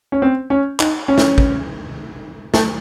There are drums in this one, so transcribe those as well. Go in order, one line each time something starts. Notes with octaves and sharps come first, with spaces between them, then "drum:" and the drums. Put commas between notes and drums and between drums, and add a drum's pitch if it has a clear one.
C#4
C4
C#4
D#4, drum: clap
C#4
drum: snare
drum: kick
A3, drum: snare